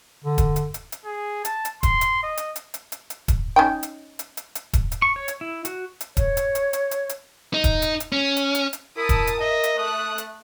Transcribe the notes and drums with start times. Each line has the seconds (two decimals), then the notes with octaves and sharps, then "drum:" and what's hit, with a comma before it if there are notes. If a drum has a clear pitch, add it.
0.24 D3
0.38 drum: kick D#1, hi-hat
0.56 drum: hi-hat
0.74 drum: hi-hat
0.92 drum: hi-hat
1.05 G#4
1.45 A5, drum: hi-hat
1.65 drum: hi-hat
1.83 C6, drum: kick D#1, hi-hat
2.01 drum: hi-hat
2.23 D#5
2.37 drum: hi-hat
2.56 drum: hi-hat
2.74 drum: hi-hat
2.92 drum: hi-hat
3.10 drum: hi-hat
3.28 drum: kick D#1, hi-hat
3.56 C#4 D#4 G5
3.83 drum: hi-hat
4.19 drum: hi-hat
4.37 drum: hi-hat
4.55 drum: hi-hat
4.73 drum: kick D#1, hi-hat
4.92 drum: hi-hat
5.02 C#6
5.16 C#5
5.28 drum: hi-hat
5.41 E4
5.65 F#4, drum: hi-hat
6.01 drum: hi-hat
6.17 C#5, drum: kick D#1, hi-hat
6.37 drum: hi-hat
6.55 drum: hi-hat
6.73 drum: hi-hat
6.91 drum: hi-hat
7.09 drum: hi-hat
7.54 D#4
7.64 drum: kick D#1, hi-hat
7.82 drum: hi-hat
8.00 drum: hi-hat
8.12 C#4
8.37 drum: hi-hat
8.55 drum: hi-hat
8.73 drum: hi-hat
8.97 E4 A#4 A5 D#6
9.09 drum: kick D#1, hi-hat
9.27 drum: hi-hat
9.40 D#5 E5
9.64 drum: hi-hat
9.78 A3 D#6 F#6
10.18 drum: hi-hat